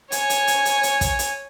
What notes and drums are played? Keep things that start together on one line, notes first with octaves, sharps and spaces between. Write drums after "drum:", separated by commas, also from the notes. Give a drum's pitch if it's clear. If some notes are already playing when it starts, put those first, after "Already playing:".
C#5 G#5, drum: hi-hat
drum: hi-hat
drum: hi-hat
drum: hi-hat
drum: hi-hat
drum: kick, hi-hat
drum: hi-hat